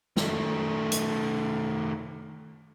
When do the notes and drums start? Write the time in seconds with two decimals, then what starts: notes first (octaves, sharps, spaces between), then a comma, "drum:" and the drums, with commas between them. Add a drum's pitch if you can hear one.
0.17 D#3 A3, drum: snare
0.92 drum: hi-hat